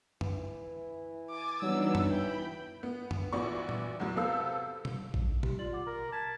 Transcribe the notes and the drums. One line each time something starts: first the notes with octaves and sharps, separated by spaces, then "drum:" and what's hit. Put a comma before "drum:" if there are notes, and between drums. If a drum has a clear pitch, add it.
E3, drum: tom F#2
G#5 D6 A6
E3 F#3 G3 B3 D4 D#4 E6
drum: tom F#2
E3 G5 B5
B3
drum: tom F#2
A#1 E3 B3 F#4 D5 C#6
drum: tom A#2
E2 F#3
C3 B3 A4 F5 E6 G6
drum: tom B2
drum: kick A1
G4, drum: tom B2
F4 D5 A6 F#7
F#5 D6
A#4 A#5
A5 G#6 B6 E7